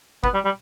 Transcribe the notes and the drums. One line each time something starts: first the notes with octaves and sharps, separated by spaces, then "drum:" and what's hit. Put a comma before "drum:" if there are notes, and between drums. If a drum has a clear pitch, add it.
B3, drum: kick
G3
G3